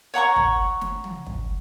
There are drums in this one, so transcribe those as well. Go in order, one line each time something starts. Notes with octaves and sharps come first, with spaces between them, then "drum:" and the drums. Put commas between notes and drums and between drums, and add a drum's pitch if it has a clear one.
C#5 F#5 A#5 C#6
drum: kick
drum: snare
drum: tom
drum: kick